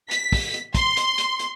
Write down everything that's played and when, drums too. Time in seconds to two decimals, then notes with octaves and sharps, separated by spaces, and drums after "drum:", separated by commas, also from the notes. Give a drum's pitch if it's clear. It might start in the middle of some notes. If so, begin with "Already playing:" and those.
0.11 B6, drum: hi-hat
0.32 drum: kick, open hi-hat
0.54 drum: hi-hat
0.75 C6, drum: kick, hi-hat
0.97 drum: hi-hat
1.18 drum: hi-hat
1.39 drum: hi-hat